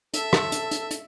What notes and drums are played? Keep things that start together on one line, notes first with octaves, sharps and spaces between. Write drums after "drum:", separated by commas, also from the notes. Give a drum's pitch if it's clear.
A4 E5, drum: hi-hat
drum: rim click
drum: hi-hat
drum: hi-hat
drum: hi-hat